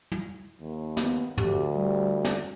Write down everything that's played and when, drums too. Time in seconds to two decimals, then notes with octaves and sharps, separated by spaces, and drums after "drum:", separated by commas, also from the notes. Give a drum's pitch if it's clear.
0.12 drum: tom
0.61 D#2
0.97 B3, drum: snare
1.38 D2 G4, drum: tom
1.74 G3
2.25 drum: snare